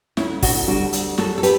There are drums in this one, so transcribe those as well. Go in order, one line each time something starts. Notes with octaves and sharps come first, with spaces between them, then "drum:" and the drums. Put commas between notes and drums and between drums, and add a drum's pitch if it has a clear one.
D2 C#4 E4, drum: snare
D2 D4 F#4, drum: kick, open hi-hat
G3 D4 F#4
D2, drum: hi-hat
F#2 F#4 A4, drum: snare
A4
G4 B4, drum: hi-hat